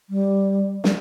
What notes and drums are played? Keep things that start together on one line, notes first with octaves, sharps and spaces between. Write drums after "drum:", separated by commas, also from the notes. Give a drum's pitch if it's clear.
G3
G3, drum: snare